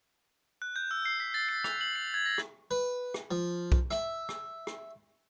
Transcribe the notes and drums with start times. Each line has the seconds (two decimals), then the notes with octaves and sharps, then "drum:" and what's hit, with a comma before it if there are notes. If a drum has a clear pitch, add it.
0.62 F#6
0.76 G6
0.91 E6
1.05 C7
1.20 B6
1.34 A6
1.49 C7
1.64 F7, drum: rim click
1.81 F#7
1.96 C7
2.14 G#6
2.26 A#6
2.38 drum: rim click
2.71 B4
3.14 drum: rim click
3.31 F3
3.72 drum: kick B1
3.91 E5, drum: rim click
4.29 drum: rim click
4.67 drum: rim click